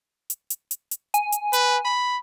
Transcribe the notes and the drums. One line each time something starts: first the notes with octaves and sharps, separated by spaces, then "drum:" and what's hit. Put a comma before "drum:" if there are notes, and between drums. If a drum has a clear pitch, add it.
drum: hi-hat
drum: hi-hat
drum: hi-hat
drum: hi-hat
G#5, drum: hi-hat
drum: hi-hat
B4, drum: hi-hat
B5